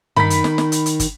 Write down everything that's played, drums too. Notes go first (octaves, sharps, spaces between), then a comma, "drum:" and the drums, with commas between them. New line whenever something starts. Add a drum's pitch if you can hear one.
D#3 D#4 B5 B6, drum: tom
drum: hi-hat
drum: snare
drum: snare
drum: hi-hat
drum: hi-hat
drum: kick, hi-hat